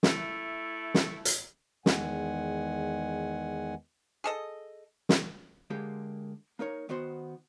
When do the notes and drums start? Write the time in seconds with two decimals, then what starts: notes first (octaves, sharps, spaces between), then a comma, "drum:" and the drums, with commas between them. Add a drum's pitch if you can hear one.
0.03 A3 E4, drum: snare
0.94 drum: snare
1.25 drum: hi-hat
1.86 E2 D#3 G#3 F#5 G#5, drum: snare
4.24 G#4 A4 D#5
5.09 drum: snare
5.70 D3 G#3 A#3 G4 G#4
6.59 A#3 D#4 A#4 C#5
6.89 D#3 B3 F#4 C5 C6